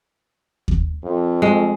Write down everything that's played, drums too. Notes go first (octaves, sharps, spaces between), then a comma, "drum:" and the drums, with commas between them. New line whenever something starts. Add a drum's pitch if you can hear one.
drum: kick D#2
F2
G#3